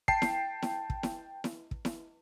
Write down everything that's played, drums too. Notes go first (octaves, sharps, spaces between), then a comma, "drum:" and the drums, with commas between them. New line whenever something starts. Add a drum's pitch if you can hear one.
G5 A5 C7, drum: kick
drum: snare E4
drum: snare E4
drum: kick
drum: snare E4
drum: snare E4
drum: kick
drum: snare E4